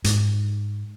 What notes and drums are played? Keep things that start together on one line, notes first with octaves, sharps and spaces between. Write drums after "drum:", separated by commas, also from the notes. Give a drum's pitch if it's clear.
G#2, drum: hi-hat